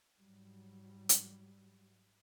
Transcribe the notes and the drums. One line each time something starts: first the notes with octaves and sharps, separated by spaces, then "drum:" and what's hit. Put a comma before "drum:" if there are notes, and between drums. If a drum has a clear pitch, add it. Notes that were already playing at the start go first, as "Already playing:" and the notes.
G#2 F#3 G3
drum: hi-hat